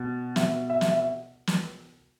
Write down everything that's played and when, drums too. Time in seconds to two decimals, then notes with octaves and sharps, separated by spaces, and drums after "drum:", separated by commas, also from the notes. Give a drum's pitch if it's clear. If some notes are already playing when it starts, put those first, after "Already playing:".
Already playing: B2
0.36 B2 E5, drum: snare
0.70 E5
0.81 drum: snare
0.92 E5
1.47 drum: snare